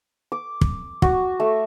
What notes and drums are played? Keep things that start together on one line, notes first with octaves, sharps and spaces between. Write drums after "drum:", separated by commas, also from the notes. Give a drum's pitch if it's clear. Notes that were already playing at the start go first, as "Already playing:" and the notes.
D6
drum: kick
F#4, drum: kick
A3